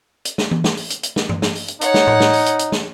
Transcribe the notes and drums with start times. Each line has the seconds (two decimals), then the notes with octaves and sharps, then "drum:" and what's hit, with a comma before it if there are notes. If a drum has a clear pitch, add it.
0.25 drum: hi-hat
0.38 drum: snare
0.51 drum: tom E3
0.64 drum: snare
0.77 drum: open hi-hat
0.90 drum: hi-hat
1.03 drum: hi-hat
1.16 drum: snare
1.29 drum: tom G2
1.42 drum: snare
1.55 drum: open hi-hat
1.68 drum: hi-hat
1.81 D#4 C#5 F#5, drum: hi-hat
1.94 drum: snare
2.07 drum: tom
2.20 drum: snare
2.33 drum: open hi-hat
2.46 drum: hi-hat
2.59 drum: hi-hat
2.72 drum: snare